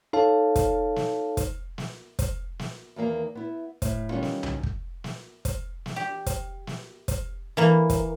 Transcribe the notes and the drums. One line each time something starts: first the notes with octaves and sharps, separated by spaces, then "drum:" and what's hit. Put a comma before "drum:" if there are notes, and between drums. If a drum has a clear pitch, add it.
D#4 A4 C#5 F5 A5
drum: kick, hi-hat
drum: snare
drum: kick, hi-hat
drum: snare
drum: kick, hi-hat
drum: snare
E2 D#3 A#3 F5
B3 E4
A2, drum: kick, hi-hat
D#3 G3 B3 C#4 D#4 F4
drum: snare
drum: tom C2
drum: kick
drum: snare
drum: kick, hi-hat
drum: snare
G4
drum: kick, hi-hat
drum: snare
drum: kick, hi-hat
E3 A#3
drum: kick, hi-hat